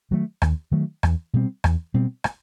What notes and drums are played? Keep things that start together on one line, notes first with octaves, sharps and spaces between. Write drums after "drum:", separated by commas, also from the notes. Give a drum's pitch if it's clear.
D#3 F#3 A3
D#2, drum: rim click
D#3 F#3 A3
E2, drum: rim click
B2 G3 C4
E2, drum: rim click
B2 G3 C4
drum: rim click